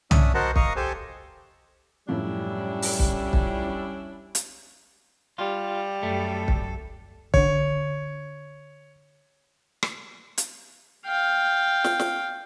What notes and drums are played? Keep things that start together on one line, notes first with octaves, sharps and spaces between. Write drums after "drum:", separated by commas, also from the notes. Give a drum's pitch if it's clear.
C#4 D4 E5 D#6, drum: tom
F#4 A#4 C5 D#5 F#5 A5
D#5 F5 A#5 C#6 D#6, drum: kick
G4 A4 C5 G#5 A5
F#2 A2 F3 G3 C#4 D4 E4
drum: open hi-hat
drum: kick
drum: kick
drum: hi-hat
G3 F4
F#2 A3 A4
drum: kick
D3 D4 C#5, drum: kick
drum: rim click
drum: hi-hat
F5 G5
drum: snare
drum: snare